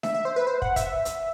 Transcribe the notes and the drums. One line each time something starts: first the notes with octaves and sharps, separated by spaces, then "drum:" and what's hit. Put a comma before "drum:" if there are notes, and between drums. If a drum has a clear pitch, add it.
E5, drum: snare D4
E5
C5
B4
C5
F#5, drum: kick
E5, drum: kick, hi-hat
drum: hi-hat